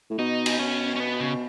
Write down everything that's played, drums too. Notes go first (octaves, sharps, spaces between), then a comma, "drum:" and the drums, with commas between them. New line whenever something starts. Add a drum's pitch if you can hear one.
A2
B2 D#4
drum: cymbal
B2 C#4
C#4
B3
C#3